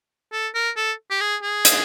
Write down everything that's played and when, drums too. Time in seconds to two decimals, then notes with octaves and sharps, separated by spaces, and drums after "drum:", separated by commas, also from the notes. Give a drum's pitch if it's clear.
0.32 A4
0.55 A#4
0.76 A4
1.10 G4
1.21 G#4
1.43 G#4
1.65 drum: hi-hat